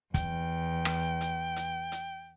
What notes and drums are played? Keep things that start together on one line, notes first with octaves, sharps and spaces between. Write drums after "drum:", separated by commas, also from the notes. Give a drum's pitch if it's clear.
E2 G5, drum: kick, hi-hat
drum: rim click
drum: hi-hat
drum: hi-hat
drum: hi-hat